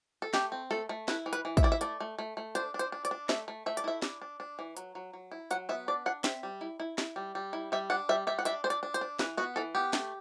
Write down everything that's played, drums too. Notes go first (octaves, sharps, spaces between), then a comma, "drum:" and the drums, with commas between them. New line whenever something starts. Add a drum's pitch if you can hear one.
A4
A3 G4, drum: snare
C4
A3 A4
A3
E4 B4, drum: snare
E3
B4, drum: hi-hat
E3
E5, drum: kick, hi-hat
E4 D5
E5
A3 D5, drum: hi-hat
A3
A3
A3
D4 C5, drum: hi-hat
D4
C5, drum: hi-hat
D4
D5, drum: hi-hat
D4
A3 E5, drum: snare
A3
A3 E5
D5, drum: hi-hat
E4 E5
D4, drum: snare
D4
D4
E3
F#3, drum: hi-hat
F#3
F#3
E4
F#3 F#5, drum: hi-hat
B3 E5
D4 D5
D4 F#5
C4 E5, drum: snare
G3
E4
E4
E4, drum: snare
G3
G3
E4
G3 E5
D4 F#5
G3 E5
G3 E5
F#5
D4 E5, drum: hi-hat
D4 C5
D5, drum: hi-hat
D4
C5, drum: hi-hat
D4
E3 B4, drum: snare
B3 F#4
E3 A4
B3 G4
A3, drum: snare